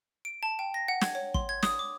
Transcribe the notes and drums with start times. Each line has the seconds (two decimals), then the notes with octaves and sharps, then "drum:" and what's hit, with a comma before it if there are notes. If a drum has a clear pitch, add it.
0.25 D7
0.43 A5
0.59 G5
0.74 A#6
0.88 F#5
1.01 G#6, drum: snare
1.15 C#5
1.34 C6, drum: kick
1.49 G#6
1.63 D#6, drum: snare
1.79 D6